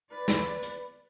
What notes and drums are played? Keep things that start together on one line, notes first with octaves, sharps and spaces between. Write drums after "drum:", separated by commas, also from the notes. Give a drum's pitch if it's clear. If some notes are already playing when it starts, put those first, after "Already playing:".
B4 D5
drum: snare
drum: hi-hat